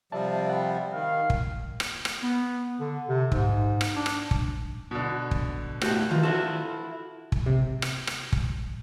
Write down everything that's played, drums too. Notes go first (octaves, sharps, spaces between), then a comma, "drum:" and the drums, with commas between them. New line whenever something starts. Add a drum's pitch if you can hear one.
C3 F3 G3 D5 E5 A5
F#5 G5 B5
D#3 F5
drum: kick
drum: rim click
drum: rim click
B3
D3
C3
G#2, drum: kick
drum: rim click
D4
drum: rim click
drum: kick
B2 D3
drum: kick
A2 F#4 G4, drum: rim click
D#3 E3 F4
E4 F#4 A4
drum: kick
C3
drum: rim click
drum: rim click
drum: kick